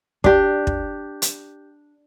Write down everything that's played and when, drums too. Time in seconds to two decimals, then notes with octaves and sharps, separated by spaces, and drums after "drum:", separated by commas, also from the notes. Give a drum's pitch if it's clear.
0.24 D4 G4, drum: kick
0.67 drum: kick
1.22 drum: hi-hat